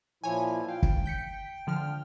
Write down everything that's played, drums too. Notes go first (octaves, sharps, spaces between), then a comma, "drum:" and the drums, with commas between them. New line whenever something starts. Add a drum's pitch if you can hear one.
A#2 F3 E4 C#5 G#5
F5 G5
drum: kick
G6 B6 C#7
D3 F3 F6